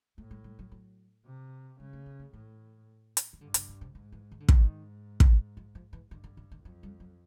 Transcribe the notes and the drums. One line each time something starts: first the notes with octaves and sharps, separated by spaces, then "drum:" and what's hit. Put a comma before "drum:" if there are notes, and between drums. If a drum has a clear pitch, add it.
A2 A3
G#3
G3
F#3
F#3
C3
C#3 G#3
A3
B3
A#3
A2 E3
drum: hi-hat
D#3
G2 D3
C#3, drum: hi-hat
C#3
C3
G#2 D3
E3
D#3
D3
G#2 D#3, drum: kick
drum: kick
F3
F3
E3
G2 D#3
D3
D#3
D#3
F2 F#3
G3
F#3